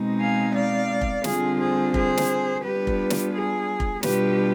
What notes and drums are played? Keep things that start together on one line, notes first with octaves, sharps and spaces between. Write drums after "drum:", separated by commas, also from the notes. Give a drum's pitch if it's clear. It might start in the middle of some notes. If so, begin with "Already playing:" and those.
Already playing: B2 G#3 C4 D#4
F5 G#5
D5 F5
drum: kick F1
D3 G3 C4 F4 G#4, drum: snare
G#4 C5
G#4 C5, drum: kick F1
drum: snare
G3 B3 D4 F4 G4 B4
drum: kick F1
drum: snare
G#4
drum: kick F1
B2 G3 D4 F4 G4 B4, drum: snare